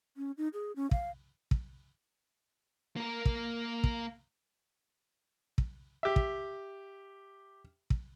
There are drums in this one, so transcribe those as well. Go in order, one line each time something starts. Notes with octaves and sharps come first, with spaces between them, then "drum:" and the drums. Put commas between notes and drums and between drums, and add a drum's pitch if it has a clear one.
C#4
D#4
G#4
C#4
F5, drum: kick
drum: kick
A#3 A#4
drum: kick
drum: kick
drum: kick
G4 E5
drum: kick
drum: kick